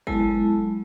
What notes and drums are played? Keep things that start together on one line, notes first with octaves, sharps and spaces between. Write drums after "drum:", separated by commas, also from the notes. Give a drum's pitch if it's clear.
F#3 G#3 B3 E4 A4 A5, drum: kick